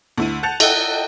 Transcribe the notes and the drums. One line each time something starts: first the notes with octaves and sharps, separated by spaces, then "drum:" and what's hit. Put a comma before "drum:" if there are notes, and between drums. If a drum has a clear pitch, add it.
D2 E4 D#7
F#5 A5 G6 A6 C#7 F7
A4 D#5 E5 F#5 G5, drum: cymbal